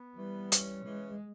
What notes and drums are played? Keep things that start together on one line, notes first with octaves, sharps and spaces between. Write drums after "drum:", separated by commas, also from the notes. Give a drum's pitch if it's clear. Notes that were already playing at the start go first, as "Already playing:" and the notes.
Already playing: B3
E3 G3
C#4, drum: hi-hat
E3 G#3